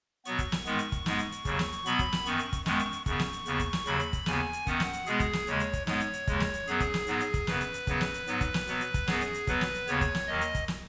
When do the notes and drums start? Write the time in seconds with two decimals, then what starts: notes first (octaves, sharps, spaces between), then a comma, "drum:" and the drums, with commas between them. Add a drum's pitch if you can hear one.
0.25 B2 F#3 B3 C#6, drum: hi-hat
0.39 drum: kick, hi-hat
0.52 drum: snare
0.66 G#2 D#3 G#3 B3, drum: hi-hat
0.79 drum: hi-hat
0.92 drum: kick, hi-hat
1.06 G#2 G#3 B3, drum: snare
1.19 drum: hi-hat
1.32 drum: hi-hat
1.45 D#2 C#3 F#3, drum: kick, hi-hat
1.59 drum: snare
1.72 drum: hi-hat
1.86 B2 F#3 B3 B5, drum: hi-hat
1.99 drum: kick, hi-hat
2.12 drum: snare
2.26 F#2 D#3 B3 C#6, drum: hi-hat
2.39 drum: hi-hat
2.53 drum: kick, hi-hat
2.66 F#2 D#3 G#3 B3 C#6, drum: snare
2.79 drum: hi-hat
2.93 drum: hi-hat
3.06 F#2 C#3 B3 C#6, drum: kick, hi-hat
3.19 drum: snare
3.33 drum: hi-hat
3.46 D#2 C#3 B3, drum: hi-hat
3.60 drum: kick, hi-hat
3.73 drum: snare
3.86 D#2 C#3 F#3 B5, drum: hi-hat
4.00 drum: hi-hat
4.13 drum: kick, hi-hat
4.26 D#2 C#3 B3 G#5, drum: snare
4.53 drum: hi-hat
4.67 F#2 D#3 B3 F#5, drum: kick, hi-hat
4.80 drum: snare
4.93 drum: hi-hat
5.06 B2 G#3 B3 G#4, drum: hi-hat
5.20 drum: kick, hi-hat
5.33 drum: snare
5.47 D#2 C#3 G#3 C#5, drum: hi-hat
5.60 drum: hi-hat
5.73 drum: kick, hi-hat
5.87 G#2 G#3 B3 C#5, drum: snare
6.00 drum: hi-hat
6.14 drum: hi-hat
6.27 D#2 C#3 G#3, drum: kick, hi-hat
6.40 drum: snare
6.54 drum: hi-hat
6.67 F#2 F#3 B3 G#4, drum: hi-hat
6.80 drum: kick, hi-hat
6.94 drum: snare
7.07 G#2 F#3 B3, drum: hi-hat
7.20 drum: hi-hat
7.34 drum: kick, hi-hat
7.47 F#2 C#3 B3 B4, drum: snare
7.61 drum: hi-hat
7.74 drum: hi-hat
7.87 F#2 C#3 F#3 B3, drum: kick, hi-hat
8.01 drum: snare
8.14 drum: hi-hat
8.27 G#2 F#3 B3, drum: hi-hat
8.41 drum: kick, hi-hat
8.54 drum: snare
8.67 B2 F#3 B3, drum: hi-hat
8.81 drum: hi-hat
8.94 drum: kick, hi-hat
9.07 F#2 F#3 B3 G#4, drum: snare
9.21 drum: hi-hat
9.34 drum: hi-hat
9.47 B2 F#3 B3 B4, drum: kick, hi-hat
9.61 drum: snare
9.74 drum: hi-hat
9.87 D#2 C#3 B3 C#5, drum: hi-hat
10.01 drum: kick, hi-hat
10.15 drum: snare
10.28 D#2 D#3 F#3 D#5
10.41 drum: hi-hat
10.55 drum: kick, hi-hat
10.68 drum: snare